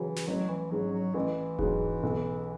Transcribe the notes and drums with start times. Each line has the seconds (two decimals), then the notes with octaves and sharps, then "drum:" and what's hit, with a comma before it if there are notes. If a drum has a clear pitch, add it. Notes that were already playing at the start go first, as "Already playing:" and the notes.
Already playing: C#3 E3 F#3
0.16 drum: snare
0.27 A1 F#3
0.49 E3
0.71 G#2 F#3 G#3 C#4
0.93 F#3
1.14 A1 E3
1.59 G#2 F#3, drum: kick E1
2.03 B1